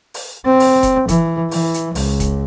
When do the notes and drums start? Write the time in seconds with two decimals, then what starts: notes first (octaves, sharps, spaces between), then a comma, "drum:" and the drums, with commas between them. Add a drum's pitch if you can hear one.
0.14 drum: open hi-hat
0.46 C4
0.60 drum: open hi-hat
0.83 drum: kick F1, hi-hat
1.08 E3, drum: kick F1, hi-hat
1.51 E3, drum: open hi-hat
1.74 drum: hi-hat
1.95 C#2, drum: open hi-hat
2.20 drum: kick F1, hi-hat